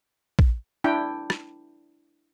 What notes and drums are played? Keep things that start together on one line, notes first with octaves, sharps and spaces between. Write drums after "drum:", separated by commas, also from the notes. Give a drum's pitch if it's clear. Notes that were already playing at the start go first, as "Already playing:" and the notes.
drum: kick A#1
D4 E4 G5
drum: rim click